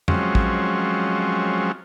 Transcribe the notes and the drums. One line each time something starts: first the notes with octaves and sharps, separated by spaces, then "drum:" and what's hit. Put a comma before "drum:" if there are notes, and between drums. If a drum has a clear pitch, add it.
F3 F#3 G#3 C4 C#4, drum: tom F2
drum: kick